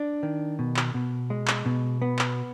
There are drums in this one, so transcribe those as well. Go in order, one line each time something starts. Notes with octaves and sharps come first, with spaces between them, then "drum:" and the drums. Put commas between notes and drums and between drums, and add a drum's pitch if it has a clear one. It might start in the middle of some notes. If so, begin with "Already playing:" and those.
Already playing: D4
D#3
B2
drum: clap
B2
G#3
drum: clap
B2
B3
drum: clap